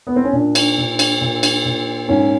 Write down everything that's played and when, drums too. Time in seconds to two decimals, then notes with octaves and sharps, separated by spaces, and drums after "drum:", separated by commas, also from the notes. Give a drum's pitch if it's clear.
0.07 B3
0.16 C4
0.24 C#4
0.33 A#2 D4
0.55 drum: cymbal
0.78 A#2
0.99 drum: cymbal
1.21 A#2
1.43 drum: cymbal
1.65 A#2
2.08 G#2 C#4